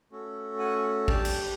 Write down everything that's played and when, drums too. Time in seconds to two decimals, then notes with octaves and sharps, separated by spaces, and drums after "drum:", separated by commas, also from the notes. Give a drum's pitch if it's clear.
0.11 A3 C#4 F#4 A4
0.59 F#5 G#5
1.08 D4 G4 G5 A5, drum: kick
1.25 drum: cymbal